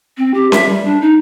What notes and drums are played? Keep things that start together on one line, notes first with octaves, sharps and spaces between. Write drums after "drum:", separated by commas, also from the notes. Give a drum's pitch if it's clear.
C4
G4
E5, drum: snare C#4
G3
D4
D#4